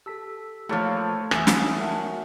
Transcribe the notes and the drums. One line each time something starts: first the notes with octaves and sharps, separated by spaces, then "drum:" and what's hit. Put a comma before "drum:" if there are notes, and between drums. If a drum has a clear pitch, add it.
G4 A4 A5 E6 B6
A#2 F3 A3 A4 C#5 F5 B5
E2 E5 G#5 D#6, drum: rim click
drum: snare
A3 D#4 F#4 A#4 F#5 G#5